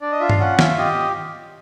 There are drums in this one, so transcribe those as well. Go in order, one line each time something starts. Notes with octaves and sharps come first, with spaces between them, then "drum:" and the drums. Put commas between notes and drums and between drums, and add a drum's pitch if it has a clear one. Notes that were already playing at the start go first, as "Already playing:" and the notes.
D4 D5
D#5
F4 E5
F5, drum: tom G2
C#4 F#5
F4 E5, drum: snare
G4 D#5